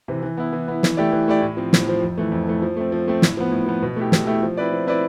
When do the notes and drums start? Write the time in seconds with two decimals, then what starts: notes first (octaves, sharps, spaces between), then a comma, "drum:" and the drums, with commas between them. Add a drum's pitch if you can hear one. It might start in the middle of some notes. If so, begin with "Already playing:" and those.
0.08 C3 E3
0.23 E3
0.37 B3 E4
0.53 E3
0.68 B3 E4
0.83 E3, drum: snare
0.97 A3 E4 G4 D5
1.12 E3
1.28 A3 E4 G4 D5
1.42 A2
1.57 F3 C4
1.73 A2, drum: snare
1.87 F3 C4
2.02 F2
2.18 E3 A3
2.32 F2
2.47 E3 A3
2.62 F3
2.77 A3 C4
2.92 F3
3.08 A3 C4
3.22 A2, drum: snare
3.37 F3 B3
3.52 A2
3.66 F3 B3
3.82 B2
3.96 A3 E4 G4
4.12 B2, drum: snare
4.27 A3 E4 G4
4.42 F3
4.57 C4 E4 B4 D5
4.72 F3
4.87 C4 E4 B4 D5